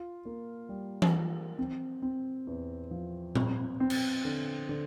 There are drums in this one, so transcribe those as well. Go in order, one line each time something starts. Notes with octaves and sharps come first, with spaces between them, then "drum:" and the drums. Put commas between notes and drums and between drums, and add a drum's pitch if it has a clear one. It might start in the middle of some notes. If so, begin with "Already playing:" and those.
Already playing: F4
A#3
G3
drum: tom E3
F4
C4
C4
E2
F3
C4, drum: tom A#2
C4
drum: cymbal
D3
D3